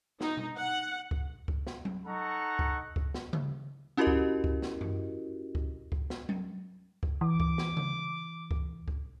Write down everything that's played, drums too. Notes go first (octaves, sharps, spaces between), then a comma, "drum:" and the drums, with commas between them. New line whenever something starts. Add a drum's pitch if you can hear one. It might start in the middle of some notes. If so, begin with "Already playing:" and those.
D#4, drum: snare
drum: tom B2
F#5
drum: kick C#2
drum: kick C#2
drum: snare
drum: tom F#3
D#4 A4 F#5 A#5 C#6
drum: kick C#2
drum: kick C#2
drum: snare
drum: tom C#3
C#4 E4 F#4 G4 A#4 D#5
drum: kick C#2
drum: kick C#2
drum: snare
drum: tom F#2
drum: kick C#2
drum: kick C#2
drum: snare
drum: tom F#3
drum: kick C#2
E3 D6
drum: kick C#2
drum: snare
drum: tom C#3
drum: kick C#2
drum: kick C#2